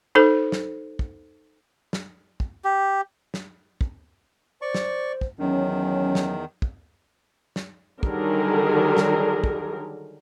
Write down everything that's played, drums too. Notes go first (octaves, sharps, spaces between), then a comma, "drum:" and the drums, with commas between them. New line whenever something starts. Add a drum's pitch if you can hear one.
D#4 A4 C5
drum: snare
drum: kick
drum: snare
drum: kick
G4
drum: snare
drum: kick
C5 D5 C#6
drum: snare
drum: kick
E2 D#3 F#3 C#4
drum: snare
drum: kick
drum: snare
D3 D#3 F#3 G3 G#4 A#4, drum: kick
drum: snare
drum: kick